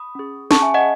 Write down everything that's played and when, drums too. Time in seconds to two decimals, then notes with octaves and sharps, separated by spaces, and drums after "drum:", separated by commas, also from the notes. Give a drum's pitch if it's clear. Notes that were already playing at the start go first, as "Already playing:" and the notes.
Already playing: B5 D#6
0.15 C#4 G#4
0.51 C#4 G#4 A5 C#6, drum: snare
0.62 E5 G#5
0.74 D#5 F#5